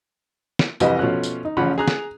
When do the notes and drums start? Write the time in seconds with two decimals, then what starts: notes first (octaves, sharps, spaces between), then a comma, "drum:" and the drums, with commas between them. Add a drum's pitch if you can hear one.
0.59 drum: snare
0.80 C2 F2 E3 G4 B4 D#5, drum: tambourine
0.99 B2 F3 A3 C#4 F#6
1.23 drum: tambourine
1.45 D#4
1.57 A1 C#3 F3 C#4 F#5 B5
1.78 G#4 A#5 F#6
1.88 drum: snare